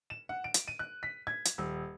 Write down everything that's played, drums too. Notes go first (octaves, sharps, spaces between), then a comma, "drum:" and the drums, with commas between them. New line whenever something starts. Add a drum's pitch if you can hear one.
E7
F#5
D7
drum: hi-hat
D#7
F#6
B6
G#6
drum: hi-hat
D#1